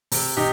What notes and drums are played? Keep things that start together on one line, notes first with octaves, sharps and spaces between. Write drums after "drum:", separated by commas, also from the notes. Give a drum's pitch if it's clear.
C3, drum: open hi-hat
C3 D#4 G4